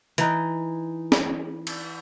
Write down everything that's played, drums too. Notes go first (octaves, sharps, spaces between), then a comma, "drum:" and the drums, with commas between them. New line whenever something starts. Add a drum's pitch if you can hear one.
E3 D#4, drum: hi-hat
drum: snare
drum: cymbal